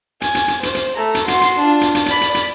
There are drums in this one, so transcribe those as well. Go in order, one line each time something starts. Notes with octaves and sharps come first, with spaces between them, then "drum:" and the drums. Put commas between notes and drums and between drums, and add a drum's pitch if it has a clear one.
G#5, drum: hi-hat
drum: hi-hat
drum: hi-hat
C5, drum: hi-hat
drum: hi-hat
A3 A#5
drum: hi-hat
F#4 C6, drum: hi-hat
drum: hi-hat
D4 F4
drum: hi-hat
drum: hi-hat
D5 B5, drum: hi-hat
drum: hi-hat
drum: hi-hat